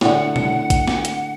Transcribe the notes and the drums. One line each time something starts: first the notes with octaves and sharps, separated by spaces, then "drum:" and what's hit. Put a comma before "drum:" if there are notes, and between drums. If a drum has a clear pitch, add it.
A2 D3 F#5, drum: snare
drum: tom B2
drum: kick, hi-hat
drum: snare
drum: hi-hat